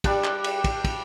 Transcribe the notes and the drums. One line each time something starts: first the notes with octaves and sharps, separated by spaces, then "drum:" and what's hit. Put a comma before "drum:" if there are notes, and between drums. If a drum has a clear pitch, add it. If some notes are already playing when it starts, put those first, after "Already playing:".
G3 D4 G4 A5, drum: kick, cymbal
drum: clap
drum: cymbal
drum: kick, cymbal
drum: kick, cymbal